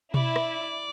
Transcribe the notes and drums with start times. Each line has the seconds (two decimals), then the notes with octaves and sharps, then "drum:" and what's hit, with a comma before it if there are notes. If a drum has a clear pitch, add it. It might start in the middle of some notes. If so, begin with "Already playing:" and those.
0.14 E4 D5, drum: tom B2
0.36 drum: rim click